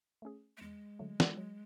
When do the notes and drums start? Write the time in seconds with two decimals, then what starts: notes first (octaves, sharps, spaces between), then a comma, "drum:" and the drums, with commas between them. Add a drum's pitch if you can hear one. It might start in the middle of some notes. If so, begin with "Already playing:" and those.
0.22 A3 C#4 G#4
0.57 A3
0.61 E2 G#3
0.99 D3 F#3 A3
1.20 drum: snare
1.37 F#3